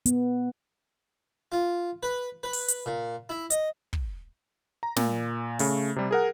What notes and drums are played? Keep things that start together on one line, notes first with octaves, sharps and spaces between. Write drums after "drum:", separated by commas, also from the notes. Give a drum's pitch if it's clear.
B3, drum: hi-hat
F4
B4
B4
drum: open hi-hat
drum: hi-hat
A#2
E4
D#5, drum: hi-hat
drum: kick
A#5
A#2, drum: snare
C#3 A3, drum: open hi-hat
C3 G3
G#4 A#4 F#5